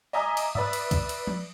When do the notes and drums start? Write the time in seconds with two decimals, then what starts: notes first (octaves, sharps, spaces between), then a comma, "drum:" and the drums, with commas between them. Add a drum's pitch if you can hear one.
0.13 D#5 E5 G#5 A#5 D6 D#6
0.37 drum: cymbal
0.55 B4 D5 E5, drum: tom G2
0.73 drum: cymbal
0.91 drum: kick, cymbal
1.09 drum: cymbal
1.27 drum: tom